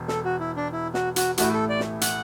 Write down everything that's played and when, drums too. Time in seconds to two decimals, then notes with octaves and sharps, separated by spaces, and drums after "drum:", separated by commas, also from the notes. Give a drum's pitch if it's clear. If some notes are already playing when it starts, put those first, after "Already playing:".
Already playing: E1
0.08 A4, drum: snare
0.25 F#4
0.40 E4
0.57 D4
0.73 E4
0.94 F#4, drum: snare
1.16 F#4, drum: hi-hat
1.38 A1 A2 A3 E4 F#4, drum: hi-hat
1.53 A4
1.69 D5
1.80 drum: snare
2.01 F#5, drum: hi-hat